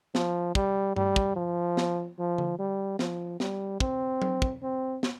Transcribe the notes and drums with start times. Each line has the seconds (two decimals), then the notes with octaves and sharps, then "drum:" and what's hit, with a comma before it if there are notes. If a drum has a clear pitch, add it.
0.15 F3, drum: snare
0.55 G3, drum: kick
0.96 G3, drum: tom G2
1.16 drum: kick
1.36 F3
1.77 drum: snare
2.18 F3
2.38 drum: tom D3
2.59 G3
2.99 F3, drum: snare
3.40 G3, drum: snare
3.80 C4, drum: kick
4.22 drum: tom F#3
4.42 drum: kick
4.63 C4
5.03 drum: snare